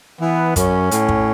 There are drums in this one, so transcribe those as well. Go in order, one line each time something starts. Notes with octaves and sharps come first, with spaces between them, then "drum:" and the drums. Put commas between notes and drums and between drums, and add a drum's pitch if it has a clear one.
E3 B3
F#2 C#4, drum: kick, hi-hat
A2, drum: hi-hat
drum: kick